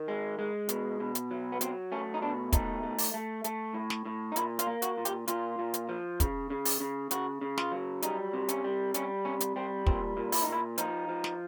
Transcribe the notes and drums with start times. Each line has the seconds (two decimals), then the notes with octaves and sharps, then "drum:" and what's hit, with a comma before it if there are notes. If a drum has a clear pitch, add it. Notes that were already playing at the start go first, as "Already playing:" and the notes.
Already playing: D#3
0.08 G#3
0.39 G#3
0.69 B2, drum: hi-hat
1.00 B2
1.15 drum: hi-hat
1.31 F#3
1.52 B3
1.61 F#3 C4, drum: hi-hat
1.92 A3 C#4
2.14 D#4
2.22 B2 D4
2.52 A3 D#4, drum: kick, hi-hat
2.83 A3
2.98 drum: open hi-hat
3.14 A3
3.44 A3, drum: hi-hat
3.74 A2
3.90 drum: snare
4.05 A2
4.32 D#4
4.36 A#2 E4, drum: hi-hat
4.59 F4, drum: hi-hat
4.67 A#3
4.82 F#4, drum: hi-hat
4.98 A#2
5.05 G4, drum: hi-hat
5.28 A#2 F4, drum: hi-hat
5.59 A#2
5.74 drum: hi-hat
5.89 F3
6.20 C#3, drum: kick, hi-hat
6.50 C#3
6.65 drum: open hi-hat
6.80 C#3
7.11 C#3 F#4, drum: hi-hat
7.41 C#3
7.58 F4, drum: snare
7.72 F#3
8.02 G3 D#4, drum: hi-hat
8.34 C3
8.49 C#4, drum: hi-hat
8.64 G3
8.94 G3 C#4, drum: hi-hat
9.25 C3 C#4
9.41 drum: hi-hat
9.56 G3 C4
9.86 A#2 C4, drum: kick
10.17 A#2
10.32 E4, drum: open hi-hat
10.42 D#4
10.48 A#2 E4
10.78 F3 D#4, drum: hi-hat
11.09 F3
11.24 drum: snare